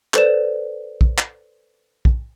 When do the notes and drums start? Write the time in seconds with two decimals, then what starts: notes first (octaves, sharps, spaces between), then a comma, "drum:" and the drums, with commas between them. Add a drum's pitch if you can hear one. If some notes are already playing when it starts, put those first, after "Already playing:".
0.14 A4 B4 C5 D5 E7, drum: clap
1.01 drum: kick
1.18 drum: clap
2.05 drum: kick